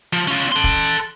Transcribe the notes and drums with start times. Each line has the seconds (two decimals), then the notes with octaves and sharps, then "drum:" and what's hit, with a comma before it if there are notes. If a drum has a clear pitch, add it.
0.13 F3
0.28 C#4 F4
0.52 A4 C6
0.64 drum: kick